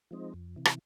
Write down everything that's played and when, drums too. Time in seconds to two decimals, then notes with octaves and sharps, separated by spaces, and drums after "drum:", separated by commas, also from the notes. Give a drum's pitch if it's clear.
0.11 F3 G#3 C4 D#4
0.34 F2
0.56 C3 E3
0.65 drum: rim click